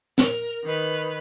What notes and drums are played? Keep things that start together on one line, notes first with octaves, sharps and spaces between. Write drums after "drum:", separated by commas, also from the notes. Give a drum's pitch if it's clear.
A#4, drum: snare
D#3 B4